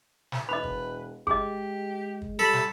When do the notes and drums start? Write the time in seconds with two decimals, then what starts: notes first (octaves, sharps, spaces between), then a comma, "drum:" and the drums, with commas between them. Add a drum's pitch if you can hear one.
0.32 drum: snare
0.49 E1 B4 D#5 B5
0.64 drum: kick
1.27 G#3 G4 G#4 D#5, drum: kick
2.22 drum: kick
2.39 G3 A4 B5
2.53 drum: snare